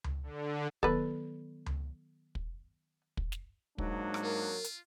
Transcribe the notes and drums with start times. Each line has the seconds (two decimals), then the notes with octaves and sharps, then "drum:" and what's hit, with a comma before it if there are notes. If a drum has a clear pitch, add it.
0.04 drum: tom C#2
0.23 D3
0.83 D#3 F#3 B3 A4 B4, drum: kick
1.66 drum: tom C#2
2.35 drum: kick
3.17 drum: kick
3.32 drum: snare
3.78 G#2 F#3 A#3 D4, drum: kick
4.14 drum: rim click
4.23 F4 A#4
4.64 drum: hi-hat